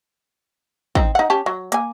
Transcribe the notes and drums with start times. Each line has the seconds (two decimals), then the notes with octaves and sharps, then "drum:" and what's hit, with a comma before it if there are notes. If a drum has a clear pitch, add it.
0.95 C4 D#4, drum: kick
1.15 D#4 F#5
1.30 C#4 G4 A5
1.46 F#3
1.72 A#3 G#5, drum: hi-hat